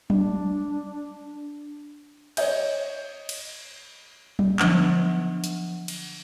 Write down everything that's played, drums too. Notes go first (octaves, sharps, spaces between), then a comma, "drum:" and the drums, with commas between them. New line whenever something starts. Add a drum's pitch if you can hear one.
D4, drum: tom F#3
C#5 D#5 G6, drum: cymbal
drum: cymbal
drum: tom F#3
D3 F3 F#3 D4 F#5, drum: clap
drum: hi-hat
drum: cymbal